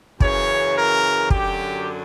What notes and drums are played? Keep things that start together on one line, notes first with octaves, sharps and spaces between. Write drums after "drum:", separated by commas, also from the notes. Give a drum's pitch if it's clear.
F#2 C#3 E3 C#5, drum: kick
A#4
F#2 D3 F#3 G4, drum: kick